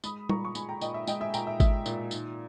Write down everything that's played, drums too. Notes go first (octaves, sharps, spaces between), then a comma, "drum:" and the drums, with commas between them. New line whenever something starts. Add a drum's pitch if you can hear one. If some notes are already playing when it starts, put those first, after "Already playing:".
G#3 B5 D#6, drum: tambourine
A#2 A#5 C#6, drum: tom G3
C#6
G#3 G#5 B5, drum: tambourine
G5 A#5
A#2 D#5 G5, drum: tambourine
E5
G#3 D#5 G5, drum: tambourine
E5 G#5
A#2 G5 A#5, drum: tambourine
E5
G#3 E5, drum: kick G#1, tambourine
A#2, drum: tambourine
D#3, drum: tambourine